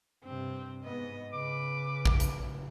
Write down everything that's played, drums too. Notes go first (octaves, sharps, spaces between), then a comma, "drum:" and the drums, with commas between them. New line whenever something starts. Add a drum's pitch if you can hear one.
G2 C3 C4
G#2 B3 D#5
C#3 B4 D6
drum: kick
drum: hi-hat